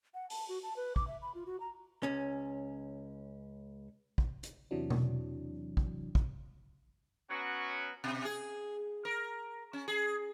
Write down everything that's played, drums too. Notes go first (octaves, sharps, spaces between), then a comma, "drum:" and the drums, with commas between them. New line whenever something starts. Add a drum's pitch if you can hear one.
F#5
A5, drum: open hi-hat
F#4
A5
B4
D6, drum: kick
E5
B5
F4
F#4
A#5
C#2 C#4
drum: kick
drum: hi-hat
E2 C3 E3 F#3 D4
drum: tom B2
drum: kick
drum: kick
F#3 B3 C#4 F#4
B2
G#4
A#4
C#4
G#4